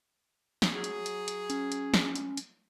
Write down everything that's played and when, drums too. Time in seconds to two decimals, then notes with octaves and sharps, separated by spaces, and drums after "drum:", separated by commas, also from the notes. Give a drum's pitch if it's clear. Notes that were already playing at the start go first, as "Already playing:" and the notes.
0.62 drum: snare
0.74 F#3 G#4
0.84 drum: hi-hat
1.06 drum: hi-hat
1.28 drum: hi-hat
1.50 C#4, drum: hi-hat
1.72 drum: hi-hat
1.94 drum: snare
2.16 drum: hi-hat
2.37 drum: hi-hat